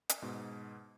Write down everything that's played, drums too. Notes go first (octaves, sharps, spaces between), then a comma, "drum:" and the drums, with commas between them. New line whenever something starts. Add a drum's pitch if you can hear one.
drum: hi-hat
G#2 B2